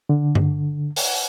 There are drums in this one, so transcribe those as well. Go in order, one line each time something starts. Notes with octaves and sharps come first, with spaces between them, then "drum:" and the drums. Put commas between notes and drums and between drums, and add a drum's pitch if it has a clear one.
D3
drum: tom G2
drum: open hi-hat